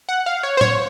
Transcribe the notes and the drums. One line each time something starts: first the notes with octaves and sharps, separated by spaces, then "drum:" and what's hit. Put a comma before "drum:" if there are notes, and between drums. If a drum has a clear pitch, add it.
F#5
F5
C#5
C5
C#5, drum: tom